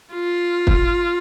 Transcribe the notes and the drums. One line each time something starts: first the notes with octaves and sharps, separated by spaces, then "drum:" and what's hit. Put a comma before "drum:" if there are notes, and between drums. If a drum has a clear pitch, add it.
F4
drum: kick